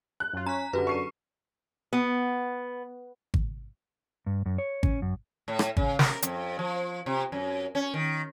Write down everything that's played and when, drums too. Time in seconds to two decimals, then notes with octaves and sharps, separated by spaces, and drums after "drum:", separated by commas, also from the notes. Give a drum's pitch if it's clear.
0.20 F#6
0.33 F#2 F4
0.46 C#4 A#5 B6
0.73 F#2 D3 F#4 G4 B4
0.87 C#6 C7 D#7
1.93 B3
3.34 drum: kick G#1
4.26 G2
4.46 F#2
4.58 C#5
4.83 C#4, drum: kick G#1
5.02 F#2
5.48 A2
5.59 drum: rim click
5.77 C#3, drum: kick G#1
5.99 A#4, drum: snare
6.22 F2, drum: hi-hat
6.59 F3
7.06 C3
7.32 F#2
7.75 C#4
7.94 D#3